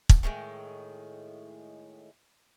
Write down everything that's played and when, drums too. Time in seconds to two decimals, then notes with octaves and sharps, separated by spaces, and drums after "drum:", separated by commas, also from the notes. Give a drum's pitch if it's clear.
0.09 drum: kick
0.23 A2 D#3 F3 G#3